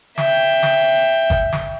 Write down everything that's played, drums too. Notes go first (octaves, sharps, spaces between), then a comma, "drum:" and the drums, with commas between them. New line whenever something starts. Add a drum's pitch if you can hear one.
E5 G5, drum: snare
drum: snare
drum: kick G1
drum: snare